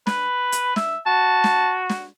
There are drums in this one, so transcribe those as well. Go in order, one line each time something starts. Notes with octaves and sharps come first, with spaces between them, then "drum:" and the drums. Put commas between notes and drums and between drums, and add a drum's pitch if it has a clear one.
B4, drum: snare
drum: hi-hat
E5, drum: snare
F#4 A5
drum: snare
drum: snare